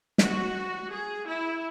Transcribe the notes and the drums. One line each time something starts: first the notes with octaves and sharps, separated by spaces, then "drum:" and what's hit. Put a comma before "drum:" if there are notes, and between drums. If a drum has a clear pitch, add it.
F#4, drum: snare
G#4
E4